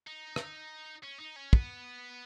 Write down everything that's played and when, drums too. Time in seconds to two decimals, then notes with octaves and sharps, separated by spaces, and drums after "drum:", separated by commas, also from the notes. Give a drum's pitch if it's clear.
0.07 D#4
0.36 drum: rim click
1.03 C#4
1.19 D#4
1.36 C#4
1.53 B3, drum: kick